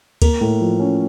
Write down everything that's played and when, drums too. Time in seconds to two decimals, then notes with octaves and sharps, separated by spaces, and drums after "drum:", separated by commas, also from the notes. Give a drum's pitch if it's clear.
0.22 A#3, drum: kick D2, cymbal
0.41 A2
0.61 F3
0.79 C#4